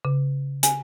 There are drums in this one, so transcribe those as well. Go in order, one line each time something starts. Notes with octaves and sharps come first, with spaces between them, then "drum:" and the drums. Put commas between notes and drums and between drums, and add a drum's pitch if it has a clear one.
C#3
G#5, drum: hi-hat